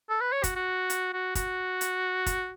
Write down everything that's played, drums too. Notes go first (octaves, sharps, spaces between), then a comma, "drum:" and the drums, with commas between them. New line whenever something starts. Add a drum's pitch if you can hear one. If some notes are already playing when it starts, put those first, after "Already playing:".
A4
B4
C#5
F#4, drum: kick, hi-hat
F#4
drum: hi-hat
F#4
F#4, drum: kick, hi-hat
drum: hi-hat
drum: kick, hi-hat